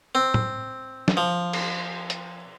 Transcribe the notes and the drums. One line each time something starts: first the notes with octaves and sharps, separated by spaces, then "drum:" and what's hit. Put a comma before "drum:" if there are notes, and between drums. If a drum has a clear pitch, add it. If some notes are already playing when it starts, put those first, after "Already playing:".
C4
drum: tom A2
drum: snare
F3
drum: cymbal
drum: hi-hat